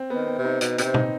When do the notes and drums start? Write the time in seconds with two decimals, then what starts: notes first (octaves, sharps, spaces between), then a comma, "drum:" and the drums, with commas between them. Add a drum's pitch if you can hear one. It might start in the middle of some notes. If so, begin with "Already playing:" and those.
Already playing: C4
0.10 B3
0.16 D#3
0.27 C4
0.39 C3
0.44 D#4
0.61 B2, drum: hi-hat
0.78 B2 C4, drum: hi-hat
0.83 C3
0.94 D#4, drum: tom